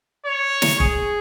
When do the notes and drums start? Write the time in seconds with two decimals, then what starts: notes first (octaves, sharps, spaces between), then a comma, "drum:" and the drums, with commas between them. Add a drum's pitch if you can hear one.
0.26 C#5
0.62 drum: snare
0.80 G#4, drum: kick G1